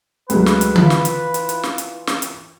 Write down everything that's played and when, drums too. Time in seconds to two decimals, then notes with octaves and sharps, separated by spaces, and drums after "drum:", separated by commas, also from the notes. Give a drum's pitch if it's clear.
0.30 D2 F#3 G#3 B4, drum: hi-hat
0.46 drum: snare
0.61 drum: hi-hat
0.76 E3 F4, drum: tom D3
0.90 drum: snare
1.05 drum: hi-hat
1.34 drum: hi-hat
1.49 drum: hi-hat
1.63 drum: snare
1.78 drum: hi-hat
2.07 drum: snare
2.22 drum: hi-hat